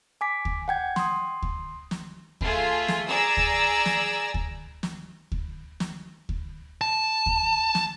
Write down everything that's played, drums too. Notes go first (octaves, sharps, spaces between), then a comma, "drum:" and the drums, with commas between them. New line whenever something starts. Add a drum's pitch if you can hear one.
G#5 D6 B6
drum: kick D2
F#5 G5 G#6
C6 D#6, drum: snare
drum: kick D2
drum: snare
A3 F4 G#4, drum: kick D2
drum: snare
G#4 D5 A#5 E6
drum: kick D2
drum: snare
drum: kick D2
drum: snare
drum: kick D2
drum: snare
drum: kick D2
A5
drum: kick D2
drum: snare